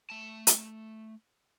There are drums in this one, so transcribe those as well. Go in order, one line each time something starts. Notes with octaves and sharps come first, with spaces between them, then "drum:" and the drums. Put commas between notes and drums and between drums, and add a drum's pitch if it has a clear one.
A3 A5
drum: hi-hat